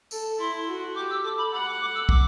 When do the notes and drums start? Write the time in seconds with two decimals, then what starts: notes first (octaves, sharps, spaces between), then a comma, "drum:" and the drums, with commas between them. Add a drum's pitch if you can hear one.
0.11 A4, drum: tambourine
0.40 E4 C6
0.68 F#4
0.96 G4 D6
1.11 E6
1.24 A4 D6
1.38 B5
1.53 F#5 B5
1.67 D6
1.81 D6
1.95 E6
2.09 D6, drum: kick